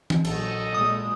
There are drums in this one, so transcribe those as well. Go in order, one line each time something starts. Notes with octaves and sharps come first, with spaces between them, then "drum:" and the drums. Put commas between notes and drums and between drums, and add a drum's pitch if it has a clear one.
drum: tom E3
A#1 F#3 C#4 A4 D#5, drum: cymbal
A#2 G#3 D#6